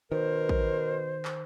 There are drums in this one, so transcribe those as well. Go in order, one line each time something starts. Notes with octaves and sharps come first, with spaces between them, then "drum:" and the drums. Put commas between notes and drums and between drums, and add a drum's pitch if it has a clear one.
B2 D#3 A#4 C5
drum: kick
drum: clap